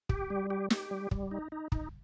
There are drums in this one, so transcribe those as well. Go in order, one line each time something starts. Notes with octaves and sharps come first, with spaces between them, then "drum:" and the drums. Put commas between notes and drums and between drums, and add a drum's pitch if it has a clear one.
G4, drum: kick
G3
G4
G4, drum: snare
G3
G3, drum: kick
D#4
D#4
D#4, drum: kick